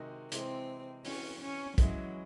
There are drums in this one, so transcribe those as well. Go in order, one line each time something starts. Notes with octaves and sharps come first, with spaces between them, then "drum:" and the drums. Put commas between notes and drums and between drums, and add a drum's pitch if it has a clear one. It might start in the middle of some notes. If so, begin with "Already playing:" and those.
Already playing: C3 D#3 G#3 D#4 F#4
C3 E3 G#3 C4, drum: hi-hat
E3 C4 C#4 F#4, drum: open hi-hat
C#4
E3 F#3 G#3 C#4 E4, drum: kick, hi-hat